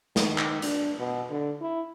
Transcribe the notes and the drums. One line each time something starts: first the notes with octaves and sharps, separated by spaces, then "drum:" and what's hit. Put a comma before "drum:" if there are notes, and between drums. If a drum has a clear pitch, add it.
D#3, drum: snare
drum: clap
D4, drum: hi-hat
B2
D3
E4